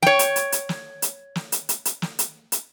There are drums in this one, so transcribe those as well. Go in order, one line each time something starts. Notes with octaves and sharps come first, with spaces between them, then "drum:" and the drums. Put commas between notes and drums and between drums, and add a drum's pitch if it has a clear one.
C#5 G5, drum: snare
drum: hi-hat
drum: hi-hat
drum: hi-hat
drum: snare
drum: hi-hat
drum: snare
drum: hi-hat
drum: hi-hat
drum: hi-hat
drum: snare
drum: hi-hat
drum: hi-hat